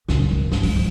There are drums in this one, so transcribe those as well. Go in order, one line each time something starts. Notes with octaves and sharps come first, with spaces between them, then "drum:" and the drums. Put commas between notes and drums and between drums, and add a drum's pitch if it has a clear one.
C#2 A#2, drum: snare
G#1
G#2, drum: snare
G#3, drum: open hi-hat
F3